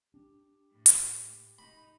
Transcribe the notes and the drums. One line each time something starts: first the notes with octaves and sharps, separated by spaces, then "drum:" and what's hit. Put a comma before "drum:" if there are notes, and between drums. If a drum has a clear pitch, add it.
D4 G4
A2
drum: hi-hat
D#4 B5